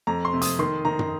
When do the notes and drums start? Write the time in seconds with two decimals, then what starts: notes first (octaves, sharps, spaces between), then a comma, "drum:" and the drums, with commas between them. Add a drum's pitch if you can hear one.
0.07 F2 A#5
0.25 C6
0.33 C3
0.42 D#6, drum: hi-hat
0.59 D#3 C6
0.85 D#3 A#5
0.99 drum: tom